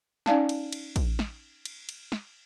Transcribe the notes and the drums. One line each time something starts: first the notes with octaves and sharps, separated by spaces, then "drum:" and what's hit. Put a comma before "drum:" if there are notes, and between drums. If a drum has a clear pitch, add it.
C#4 D#4 D5 F5 A5, drum: snare
drum: cymbal
drum: cymbal
drum: kick, cymbal
drum: snare
drum: cymbal
drum: cymbal
drum: snare